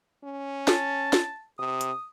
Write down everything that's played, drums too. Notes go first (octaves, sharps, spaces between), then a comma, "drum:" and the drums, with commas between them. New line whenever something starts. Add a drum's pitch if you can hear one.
C#4
A5, drum: snare
drum: snare
C3 D#6
drum: hi-hat